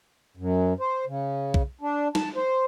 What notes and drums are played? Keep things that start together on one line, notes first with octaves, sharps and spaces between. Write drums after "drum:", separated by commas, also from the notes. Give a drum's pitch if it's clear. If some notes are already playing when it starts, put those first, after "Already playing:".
F#2
C5
C#3
drum: kick B1
D4
A5, drum: snare
C5